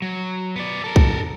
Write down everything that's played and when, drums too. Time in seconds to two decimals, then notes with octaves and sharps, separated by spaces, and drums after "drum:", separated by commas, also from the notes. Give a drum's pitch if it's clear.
0.02 F#3
0.56 B3 D5
0.84 A4 A#4
0.96 drum: kick